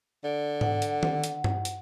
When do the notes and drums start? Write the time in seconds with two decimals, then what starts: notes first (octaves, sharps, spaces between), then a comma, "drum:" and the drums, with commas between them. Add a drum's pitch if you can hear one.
0.24 D3 D5
0.61 F#5, drum: tom G#2
0.82 drum: hi-hat
1.03 drum: tom D#3
1.24 drum: hi-hat
1.44 drum: tom G2
1.65 drum: hi-hat